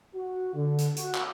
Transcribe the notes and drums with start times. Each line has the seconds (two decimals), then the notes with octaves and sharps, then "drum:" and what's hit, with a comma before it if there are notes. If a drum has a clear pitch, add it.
0.16 F#4
0.55 D3
0.78 drum: hi-hat
0.97 F#4, drum: hi-hat
1.15 drum: clap